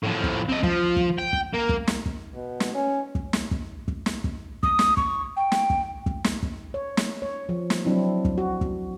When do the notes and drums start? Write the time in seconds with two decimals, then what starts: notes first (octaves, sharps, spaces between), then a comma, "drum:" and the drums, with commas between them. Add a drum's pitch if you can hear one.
0.03 A2 F3
0.24 drum: kick
0.49 C4 D#5
0.63 F3, drum: kick
0.96 drum: kick
1.18 G5
1.33 drum: kick
1.53 A#3
1.69 drum: kick
1.87 drum: snare
2.06 drum: kick
2.35 B2
2.60 drum: snare
2.74 C#4
3.15 drum: kick
3.33 drum: snare
3.51 drum: kick
3.88 drum: kick
4.06 drum: snare
4.24 drum: kick
4.63 D#6, drum: kick
4.79 drum: snare
4.97 C#6, drum: kick
5.37 G5
5.52 drum: snare
5.70 drum: kick
6.06 drum: kick
6.24 drum: snare
6.43 drum: kick
6.74 C#5
6.97 drum: snare
7.22 C#5
7.49 F3
7.70 drum: snare
7.85 F#3 C4 D4 E4
8.25 drum: kick
8.38 F#4
8.61 drum: kick